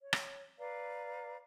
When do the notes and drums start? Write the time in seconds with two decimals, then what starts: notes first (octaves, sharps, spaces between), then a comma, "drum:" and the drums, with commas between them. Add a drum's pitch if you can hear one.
0.01 C#5
0.13 drum: rim click
0.59 B4 D5 F5 A#5